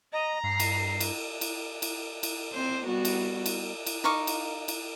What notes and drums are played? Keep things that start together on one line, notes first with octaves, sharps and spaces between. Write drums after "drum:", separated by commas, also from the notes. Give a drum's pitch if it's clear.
D#5 A#5
G2 C7
drum: cymbal
drum: cymbal
drum: cymbal
drum: cymbal
drum: cymbal
C4 C5
G3 B3 F#4
drum: cymbal
drum: cymbal
drum: cymbal
D#4 F5 C#6 D6
drum: cymbal
drum: cymbal